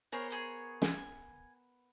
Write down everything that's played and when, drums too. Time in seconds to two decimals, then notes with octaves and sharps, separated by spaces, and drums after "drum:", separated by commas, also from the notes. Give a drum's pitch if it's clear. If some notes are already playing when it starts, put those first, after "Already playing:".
0.12 B3 G#4 A#4 C5 C#5
0.30 G#4 C#5 C6
0.82 G#5, drum: snare